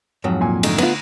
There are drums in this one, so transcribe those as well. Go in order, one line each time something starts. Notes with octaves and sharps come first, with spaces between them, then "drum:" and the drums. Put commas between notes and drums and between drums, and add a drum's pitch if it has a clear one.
F2 G#2 F#3
A#2 G#5
D3 A3 D#4, drum: cymbal
B3 F4, drum: cymbal